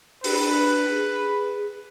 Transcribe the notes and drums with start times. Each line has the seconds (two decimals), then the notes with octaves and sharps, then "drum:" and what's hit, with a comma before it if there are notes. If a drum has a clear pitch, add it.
0.24 D4 B4, drum: open hi-hat
0.88 G#4